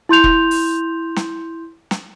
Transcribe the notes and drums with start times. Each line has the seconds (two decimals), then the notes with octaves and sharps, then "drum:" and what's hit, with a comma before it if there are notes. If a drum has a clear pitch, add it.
0.09 E4 C6 G6 F7
0.24 drum: kick E1
0.51 drum: open hi-hat
1.16 drum: snare
1.91 drum: snare